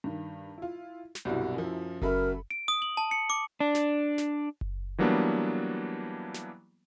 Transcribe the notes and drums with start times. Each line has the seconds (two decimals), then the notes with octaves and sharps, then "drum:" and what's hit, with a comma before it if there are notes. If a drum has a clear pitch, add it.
0.04 G2 D#3
0.58 E4 F4
1.15 drum: snare
1.25 C2 G2 B2 F#3 E4
1.54 F#2 F3
2.02 C#3 F#3 A4 A#4 E5 B5, drum: kick F#1
2.51 D7
2.68 D#6
2.82 F#7
2.97 A5
3.11 C#7
3.30 D6
3.60 D4
3.75 drum: snare
4.18 drum: snare
4.61 drum: kick F#1
4.98 E3 F#3 G3 A#3 B3 D4
6.34 drum: snare